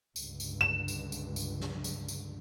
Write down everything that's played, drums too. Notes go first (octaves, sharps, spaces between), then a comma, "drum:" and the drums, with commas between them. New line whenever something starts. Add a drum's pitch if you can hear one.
C#2 G2 D3, drum: tambourine
drum: tambourine
E7
drum: tambourine
drum: tambourine
drum: tambourine
drum: snare
drum: tambourine
drum: tambourine